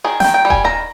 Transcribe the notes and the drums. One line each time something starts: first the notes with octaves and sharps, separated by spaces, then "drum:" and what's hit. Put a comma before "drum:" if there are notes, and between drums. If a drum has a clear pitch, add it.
D#3 G#4
D#3 G5, drum: snare
G5
G3
G#5, drum: kick D#1
D#3 A#5